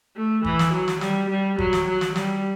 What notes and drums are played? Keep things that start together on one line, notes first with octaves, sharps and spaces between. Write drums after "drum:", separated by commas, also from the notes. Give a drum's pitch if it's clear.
A3
E3, drum: kick
drum: snare
F#3
drum: snare
G3, drum: snare
G3
F#3, drum: kick
drum: snare
F#3
drum: snare
G3, drum: snare